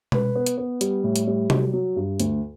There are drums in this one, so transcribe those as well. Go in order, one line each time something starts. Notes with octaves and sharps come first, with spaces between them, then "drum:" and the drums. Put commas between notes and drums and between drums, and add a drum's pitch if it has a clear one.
B4, drum: tom B2
B3
drum: hi-hat
B3
G3, drum: hi-hat
A2
drum: hi-hat
G3
F#3, drum: tom C3
F#3
G2
D2, drum: hi-hat